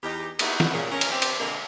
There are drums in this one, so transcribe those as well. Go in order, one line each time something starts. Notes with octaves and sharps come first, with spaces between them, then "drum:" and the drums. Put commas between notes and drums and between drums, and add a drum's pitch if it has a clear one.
E2 D#4 G4
A#3 B3 D#4 E4 F#4 G#4, drum: cymbal
drum: snare
A#2 C#3
C#4 A#4
drum: cymbal
C4 G4
drum: cymbal
B2 D3 G#3 A#3